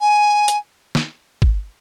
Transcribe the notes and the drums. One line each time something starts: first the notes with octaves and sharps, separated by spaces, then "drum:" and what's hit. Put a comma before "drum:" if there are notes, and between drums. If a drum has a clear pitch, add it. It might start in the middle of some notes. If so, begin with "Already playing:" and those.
G#5
drum: hi-hat
drum: snare
drum: kick